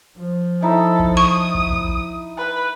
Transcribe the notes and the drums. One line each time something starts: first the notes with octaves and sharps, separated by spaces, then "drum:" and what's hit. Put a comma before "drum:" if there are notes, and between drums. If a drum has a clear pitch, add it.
F3
D#4 E4 A4
drum: kick
C#6 D#6
drum: kick
drum: kick
B4